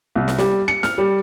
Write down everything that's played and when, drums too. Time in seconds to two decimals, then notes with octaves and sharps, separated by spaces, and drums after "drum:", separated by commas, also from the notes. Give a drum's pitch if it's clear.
0.15 C2
0.28 drum: snare
0.38 G3, drum: snare
0.68 C#7
0.83 F6, drum: snare
0.98 G3